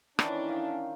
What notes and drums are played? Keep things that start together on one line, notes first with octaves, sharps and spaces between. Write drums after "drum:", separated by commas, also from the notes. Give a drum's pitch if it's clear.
D#3 E3 C#4 D4 E4, drum: rim click
F5 G5